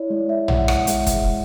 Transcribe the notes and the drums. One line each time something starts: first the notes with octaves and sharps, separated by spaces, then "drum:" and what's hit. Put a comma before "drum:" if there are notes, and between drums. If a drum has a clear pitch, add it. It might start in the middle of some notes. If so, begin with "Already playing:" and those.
Already playing: E4 C#5 D5
G#3 D5
E5
B2 F#5, drum: tom
F#5, drum: rim click
G#3 E5, drum: hi-hat
drum: kick, hi-hat